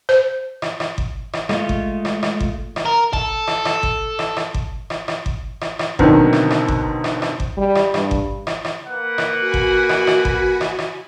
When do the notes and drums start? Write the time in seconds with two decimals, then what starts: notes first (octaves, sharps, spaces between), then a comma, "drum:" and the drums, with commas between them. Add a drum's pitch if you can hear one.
0.09 C5
0.62 drum: rim click
0.80 drum: rim click
0.98 drum: kick G1
1.33 drum: rim click
1.49 G#3 A3 F4, drum: rim click
1.69 drum: kick G1
2.05 drum: rim click
2.23 drum: rim click
2.40 drum: kick G1
2.76 drum: rim click
2.85 A#4
3.13 A4, drum: kick G1
3.47 drum: rim click
3.65 drum: rim click
3.83 drum: kick G1
4.19 drum: rim click
4.37 drum: rim click
4.54 drum: kick G1
4.90 drum: rim click
5.08 drum: rim click
5.26 drum: kick G1
5.61 drum: rim click
5.79 drum: rim click
5.99 B2 D3 D#3 F#3 C4, drum: kick G1
6.33 drum: rim click
6.51 drum: rim click
6.68 drum: kick G1
7.04 drum: rim click
7.22 drum: rim click
7.40 drum: kick G1
7.58 G3
7.75 drum: rim click
7.94 G2, drum: rim click
8.11 drum: kick G1
8.47 drum: rim click
8.65 drum: rim click
8.87 A#3 B4 F#5
9.18 drum: rim click
9.40 F#4 G#5 B5
9.54 drum: kick G1
9.89 drum: rim click
10.07 drum: rim click
10.25 drum: kick G1
10.61 drum: rim click
10.79 drum: rim click